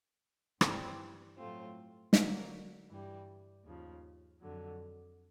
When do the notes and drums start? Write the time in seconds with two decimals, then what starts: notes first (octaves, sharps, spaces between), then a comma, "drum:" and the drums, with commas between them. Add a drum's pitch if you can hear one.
0.61 G2 E3 G3 C4 E4, drum: rim click
1.37 A2 F#3 A3 C4 F4
2.13 D3 F#3 A#3, drum: snare
2.88 G2 E3 G3
3.65 D#2 C#3 F3
4.40 F2 D3 F#3